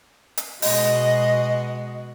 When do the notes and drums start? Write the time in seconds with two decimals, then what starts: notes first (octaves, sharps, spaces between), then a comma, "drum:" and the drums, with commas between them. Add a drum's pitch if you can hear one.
0.37 drum: hi-hat
0.62 B2 G#3 F#4 D#5, drum: open hi-hat